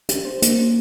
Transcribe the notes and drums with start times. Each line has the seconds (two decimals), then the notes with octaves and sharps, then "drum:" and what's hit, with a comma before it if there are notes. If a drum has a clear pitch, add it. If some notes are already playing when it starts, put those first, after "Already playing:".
0.09 G4, drum: hi-hat
0.25 C5
0.42 A#3, drum: hi-hat
0.58 C#4